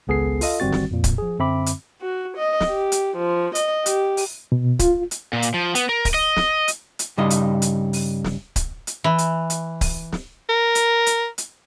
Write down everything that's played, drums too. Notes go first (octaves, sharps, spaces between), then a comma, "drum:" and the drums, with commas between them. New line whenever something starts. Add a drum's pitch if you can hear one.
G#1 C#2 B3 G#4 A4 C7
F4 A4 D#5 F5, drum: open hi-hat
G1 D#3 G3 C4 F#4 A6
drum: snare
F2 A#2
drum: kick C#1, hi-hat
F3 G#4
F#2 D3 C4 E5 B5 D6
drum: hi-hat
F#4
D#5
drum: snare
G4
drum: hi-hat
F3
D#5, drum: hi-hat
G4, drum: hi-hat
drum: open hi-hat
B2
F4, drum: kick C#1, hi-hat
drum: hi-hat
A#2
drum: hi-hat
F3
B3, drum: hi-hat
A#4
drum: kick C#1, open hi-hat
D#5
drum: snare
drum: hi-hat
drum: hi-hat
G2 C#3 G3 D#4 D#5
drum: hi-hat
drum: hi-hat
drum: open hi-hat
drum: snare
drum: kick C#1, hi-hat
drum: hi-hat
E3
drum: hi-hat
drum: hi-hat
drum: kick C#1, open hi-hat
drum: snare
A#4
drum: hi-hat
drum: hi-hat
drum: hi-hat